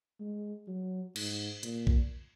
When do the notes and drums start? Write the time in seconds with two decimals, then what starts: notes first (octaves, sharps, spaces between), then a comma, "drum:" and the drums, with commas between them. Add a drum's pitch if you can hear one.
0.20 G#3
0.67 F#3
1.16 G#2, drum: cymbal
1.63 A#2, drum: hi-hat
1.87 drum: kick A#1